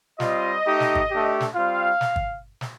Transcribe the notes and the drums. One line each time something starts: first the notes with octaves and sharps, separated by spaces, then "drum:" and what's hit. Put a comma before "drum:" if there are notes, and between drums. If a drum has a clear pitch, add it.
G3 C4 F4 D#5, drum: snare
A3 D#4 G4
drum: snare
drum: kick G1
A3 D4 G4
drum: snare
G3 C4 F4 F5
drum: snare
drum: kick G1
drum: snare